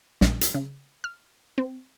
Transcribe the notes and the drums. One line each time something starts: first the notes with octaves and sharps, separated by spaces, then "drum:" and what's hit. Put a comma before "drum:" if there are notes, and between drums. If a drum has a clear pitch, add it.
A#1, drum: snare
drum: hi-hat
C#3
F6
C4